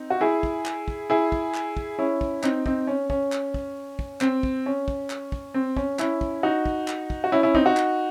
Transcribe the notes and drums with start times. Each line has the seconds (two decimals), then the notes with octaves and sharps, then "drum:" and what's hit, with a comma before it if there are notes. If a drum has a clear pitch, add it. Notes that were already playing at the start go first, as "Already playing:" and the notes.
Already playing: C4 D#4
0.10 F#4
0.21 E4 G#4
0.43 drum: kick
0.65 drum: clap
0.88 drum: kick
1.10 E4 G#4
1.32 drum: kick
1.54 drum: clap
1.77 drum: kick
1.98 C#4 E4
2.21 drum: kick
2.43 C4 D#4, drum: clap
2.66 C4 D#4, drum: kick
2.87 C#4
3.10 C#4, drum: kick
3.32 drum: clap
3.54 drum: kick
3.99 drum: kick
4.21 C4, drum: clap
4.43 drum: kick
4.66 C#4
4.88 drum: kick
5.10 drum: clap
5.32 drum: kick
5.54 C4
5.77 C#4, drum: kick
5.99 C#4 E4, drum: clap
6.21 drum: kick
6.43 D#4 F#4
6.66 drum: kick
6.88 drum: clap
7.10 drum: kick
7.24 F#4
7.32 C#4 E4
7.43 C#4 E4
7.55 C4 D#4, drum: kick
7.65 D#4 F#4
7.77 drum: clap